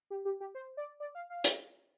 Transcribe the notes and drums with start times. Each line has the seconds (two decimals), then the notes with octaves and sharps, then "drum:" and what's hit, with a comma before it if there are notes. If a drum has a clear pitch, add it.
0.10 G4
0.25 G4
0.40 G4
0.55 C5
0.77 D5
1.00 D5
1.15 F5
1.30 F5
1.44 drum: hi-hat